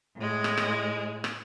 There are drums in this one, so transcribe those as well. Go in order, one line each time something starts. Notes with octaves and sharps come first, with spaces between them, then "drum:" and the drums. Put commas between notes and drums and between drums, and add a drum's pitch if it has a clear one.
A2 G#3
drum: rim click
drum: rim click
drum: rim click